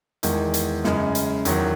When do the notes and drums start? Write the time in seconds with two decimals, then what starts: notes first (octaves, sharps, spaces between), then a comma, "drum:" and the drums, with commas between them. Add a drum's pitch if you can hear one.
0.23 E2 D#3 G#3, drum: hi-hat
0.54 drum: hi-hat
0.84 F#2 C#3 G#3, drum: snare
1.15 drum: hi-hat
1.45 E2 D#3 F#3, drum: hi-hat